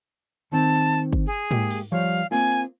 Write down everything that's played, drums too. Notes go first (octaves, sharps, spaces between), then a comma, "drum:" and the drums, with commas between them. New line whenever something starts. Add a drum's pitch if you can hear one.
D#3 C4 A5
drum: kick
G#4
G#3 A#3 G4, drum: tom G#2
drum: open hi-hat
F3 G3 C#5 F5
A#3 C4 F4 G#5